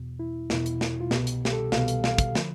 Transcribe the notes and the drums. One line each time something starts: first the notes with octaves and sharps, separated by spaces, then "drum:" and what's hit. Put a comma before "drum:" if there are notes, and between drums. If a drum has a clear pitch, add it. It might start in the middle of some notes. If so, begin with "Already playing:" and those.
Already playing: E2 B2
E4
E2 B2 E4, drum: snare
drum: hi-hat
drum: snare
F4
B2 G4, drum: snare
C2
drum: hi-hat
G4, drum: snare
A4
C2 F5, drum: snare
B2
drum: hi-hat
F5, drum: snare
drum: kick, hi-hat
D3 F3, drum: snare